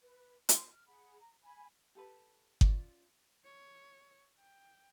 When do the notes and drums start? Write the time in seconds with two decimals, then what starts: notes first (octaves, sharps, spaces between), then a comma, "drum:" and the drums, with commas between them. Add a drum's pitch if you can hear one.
0.01 B4
0.49 C6, drum: hi-hat
0.73 F6
0.87 G#4 F#5 B5
1.19 A#5
1.42 G#5 B5
1.95 G4 A4 B4
2.61 C#4 D4 F4 D5, drum: kick G1
3.45 C#5
4.40 G5